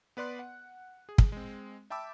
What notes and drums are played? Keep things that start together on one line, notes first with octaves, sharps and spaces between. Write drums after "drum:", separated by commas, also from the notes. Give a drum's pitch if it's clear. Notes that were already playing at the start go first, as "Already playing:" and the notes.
B3 B4 D5 C6 F#6
F#5
G#4
drum: kick
G#3 C4
E5 G5 A5 B5 D6 E6